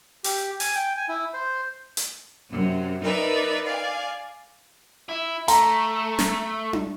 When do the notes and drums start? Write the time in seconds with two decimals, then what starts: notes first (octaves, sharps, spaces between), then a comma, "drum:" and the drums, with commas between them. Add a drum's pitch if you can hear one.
0.24 G4, drum: open hi-hat
0.60 G#5, drum: open hi-hat
0.75 G5
0.97 G#5
1.09 E4
1.34 C5
1.97 drum: hi-hat
2.48 F#2 C3
3.02 D#4 A#4 B4 D5 E5
3.63 D5 F5 G#5
5.09 E4
5.48 A3 A#5, drum: hi-hat
6.19 drum: snare
6.73 drum: tom D4